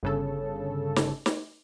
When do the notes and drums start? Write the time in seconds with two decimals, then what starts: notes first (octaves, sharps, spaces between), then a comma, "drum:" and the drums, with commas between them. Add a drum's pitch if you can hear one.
0.03 G1 C#3 A4
0.96 drum: snare
1.26 drum: snare